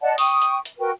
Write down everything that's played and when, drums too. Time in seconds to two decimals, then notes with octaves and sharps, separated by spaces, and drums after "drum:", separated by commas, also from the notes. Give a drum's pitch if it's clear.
0.01 D5 D#5 F#5 A5
0.18 G5 C#6 D#6, drum: open hi-hat
0.42 drum: hi-hat
0.65 drum: hi-hat
0.78 F#4 A#4 B4 G5